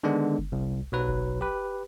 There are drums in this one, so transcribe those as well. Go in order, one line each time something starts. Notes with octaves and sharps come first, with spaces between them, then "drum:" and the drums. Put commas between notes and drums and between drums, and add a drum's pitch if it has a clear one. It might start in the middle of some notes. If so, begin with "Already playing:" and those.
D3 D#3 G#3 B3 D4
drum: kick F#1
C2
B1 F#3 B4
drum: kick F#1
G4 B4